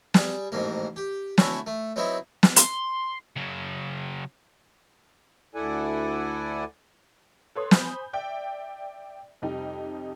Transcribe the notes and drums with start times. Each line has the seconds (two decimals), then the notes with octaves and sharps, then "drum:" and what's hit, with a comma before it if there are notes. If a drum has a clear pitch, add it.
0.14 G3 G#4, drum: snare
0.52 A1 F2 G#2 A#3
0.96 G4
1.38 D3 A3 E4 F#4 C#5 G#5, drum: snare
1.67 A3
1.96 F#3 B3 C4 D#4 E4
2.43 drum: snare
2.56 C6, drum: hi-hat
3.36 C#3 F#3
5.55 D2 E4 A4 D5 F#5 G#5
7.55 A4 B4 C#5 C6 D#6
7.71 C5 G#5 B5 D#6 G6, drum: snare
8.13 D5 E5 G5
9.42 F2 C3 G3 D#4 G5